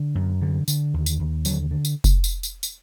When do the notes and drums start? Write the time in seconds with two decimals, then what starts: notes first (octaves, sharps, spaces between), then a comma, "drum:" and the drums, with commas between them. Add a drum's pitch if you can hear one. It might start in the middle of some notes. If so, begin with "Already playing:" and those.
Already playing: D3
0.15 F#2
0.41 D3
0.68 D3, drum: tambourine
0.94 D#2
1.06 drum: tambourine
1.19 D#2
1.45 D3 F#3, drum: tambourine
1.71 D3
1.85 drum: tambourine
2.04 drum: kick F1, tambourine
2.24 drum: tambourine
2.43 drum: tambourine
2.63 drum: tambourine